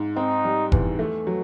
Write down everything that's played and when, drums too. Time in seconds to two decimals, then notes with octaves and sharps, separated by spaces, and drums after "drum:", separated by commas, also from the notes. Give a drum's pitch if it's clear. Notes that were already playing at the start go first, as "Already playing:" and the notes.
Already playing: G#2
0.16 C4 D#4
0.44 G3
0.72 E2, drum: kick F1
0.99 A3
1.27 F#3